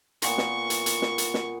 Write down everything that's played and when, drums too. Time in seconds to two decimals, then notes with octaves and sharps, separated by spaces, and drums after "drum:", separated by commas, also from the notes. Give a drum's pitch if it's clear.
0.22 A#2 B3 F4 C#6, drum: hi-hat
0.38 drum: snare
0.70 drum: hi-hat
0.86 drum: hi-hat
1.02 drum: snare
1.18 drum: hi-hat
1.34 drum: snare